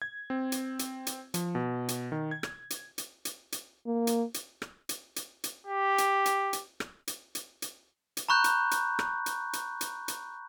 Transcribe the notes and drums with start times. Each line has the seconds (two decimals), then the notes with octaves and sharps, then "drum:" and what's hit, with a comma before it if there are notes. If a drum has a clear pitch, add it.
0.02 G#6
0.30 C4
0.52 drum: hi-hat
0.79 drum: hi-hat
1.07 drum: hi-hat
1.34 F3, drum: hi-hat
1.55 B2
1.88 drum: hi-hat
2.12 D#3
2.31 G#6
2.43 drum: rim click
2.70 drum: hi-hat
2.98 drum: hi-hat
3.25 drum: hi-hat
3.52 drum: hi-hat
3.87 A#3
4.07 drum: hi-hat
4.34 drum: hi-hat
4.62 drum: rim click
4.89 drum: hi-hat
5.16 drum: hi-hat
5.44 drum: hi-hat
5.67 G4
5.98 drum: hi-hat
6.26 drum: hi-hat
6.53 drum: hi-hat
6.80 drum: rim click
7.07 drum: hi-hat
7.35 drum: hi-hat
7.62 drum: hi-hat
8.17 drum: hi-hat
8.29 A#5 B5 C#6 F#6 G6
8.44 drum: hi-hat
8.71 drum: hi-hat
8.99 drum: rim click
9.26 drum: hi-hat
9.53 drum: hi-hat
9.81 drum: hi-hat
10.08 drum: hi-hat